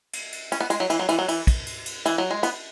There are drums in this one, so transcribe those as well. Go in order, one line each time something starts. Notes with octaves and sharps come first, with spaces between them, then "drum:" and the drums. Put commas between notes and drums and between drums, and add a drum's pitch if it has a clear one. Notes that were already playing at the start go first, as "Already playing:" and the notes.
drum: cymbal
drum: cymbal
C#4, drum: cymbal
B3
G#3, drum: cymbal
F#3
E3, drum: cymbal
F#3
E3, drum: cymbal
F#3
E3, drum: cymbal
drum: kick, cymbal
drum: cymbal
drum: cymbal
E3, drum: cymbal
F#3
G#3
B3, drum: cymbal